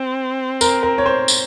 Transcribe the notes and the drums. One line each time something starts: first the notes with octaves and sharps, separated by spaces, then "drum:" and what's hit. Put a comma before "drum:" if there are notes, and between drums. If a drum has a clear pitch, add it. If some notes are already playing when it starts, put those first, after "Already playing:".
Already playing: C4
A#4, drum: tambourine
A#4
C#5
C5
drum: tambourine